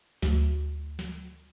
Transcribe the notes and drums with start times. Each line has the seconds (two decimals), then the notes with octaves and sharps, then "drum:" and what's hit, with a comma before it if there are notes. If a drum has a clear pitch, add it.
0.22 D2, drum: snare
0.99 drum: snare